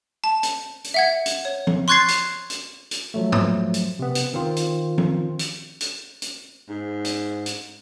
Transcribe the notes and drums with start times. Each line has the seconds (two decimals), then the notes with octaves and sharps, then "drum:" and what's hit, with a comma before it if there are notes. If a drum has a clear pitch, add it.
0.24 A5
0.43 drum: hi-hat
0.84 drum: hi-hat
0.94 E5 F#5 G#6
1.26 drum: hi-hat
1.45 C#5
1.67 drum: tom F3
1.88 C6 C#6 F#6 G#6 A6 C7
2.08 drum: hi-hat
2.50 drum: hi-hat
2.91 drum: hi-hat
3.14 F3 F#3 A3
3.32 drum: tom G#2
3.74 drum: hi-hat
3.99 C3 B3
4.15 drum: hi-hat
4.34 D#3 C4 F4
4.56 drum: hi-hat
4.98 drum: tom F3
5.39 drum: hi-hat
5.81 drum: hi-hat
6.22 drum: hi-hat
6.69 G#2
7.05 drum: hi-hat
7.46 drum: hi-hat